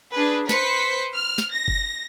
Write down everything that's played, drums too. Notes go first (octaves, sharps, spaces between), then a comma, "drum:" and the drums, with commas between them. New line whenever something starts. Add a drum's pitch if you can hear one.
D4 G#4 B4
B4 C5 B6 C#7, drum: snare
F6
drum: snare
A#6
drum: kick F#1